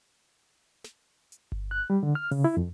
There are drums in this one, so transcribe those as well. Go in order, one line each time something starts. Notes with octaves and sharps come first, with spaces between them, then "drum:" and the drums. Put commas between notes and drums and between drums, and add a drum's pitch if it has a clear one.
drum: snare
drum: hi-hat
drum: kick G1
F#6
G3
D3
F6
C#3, drum: open hi-hat
E4
F2